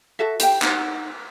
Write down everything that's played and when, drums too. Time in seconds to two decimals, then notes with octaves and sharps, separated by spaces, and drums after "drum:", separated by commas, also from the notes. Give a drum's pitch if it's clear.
0.19 F#4 A4 E5
0.40 G4 G5, drum: hi-hat
0.62 D#4 F#5, drum: clap